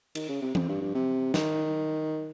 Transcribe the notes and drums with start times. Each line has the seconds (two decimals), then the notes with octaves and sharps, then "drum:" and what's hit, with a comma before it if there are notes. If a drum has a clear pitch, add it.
0.15 D#3, drum: cymbal
0.29 C#3
0.42 C3
0.55 F2, drum: tom E3
0.69 G2
0.81 G2
0.95 C3
1.34 D#3, drum: snare